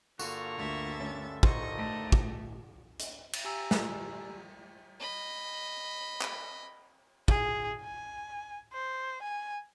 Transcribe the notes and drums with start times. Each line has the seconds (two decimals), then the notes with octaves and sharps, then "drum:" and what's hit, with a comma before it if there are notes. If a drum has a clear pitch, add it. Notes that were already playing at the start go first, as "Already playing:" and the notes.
0.19 G2 D3 A#3 F4 F#4 A4 C#6, drum: tambourine
0.58 D2 E5 A6
1.00 C#4
1.43 D#4 A#4 C5 D#5 C#6, drum: kick
1.76 A3
2.12 drum: kick
2.99 drum: hi-hat
3.33 drum: cymbal
3.45 G4 G#5 A#5 E6
3.71 drum: snare
5.00 D#5 B5
6.22 drum: clap
7.28 G#4, drum: kick
7.81 G#5
8.73 C5
9.22 G#5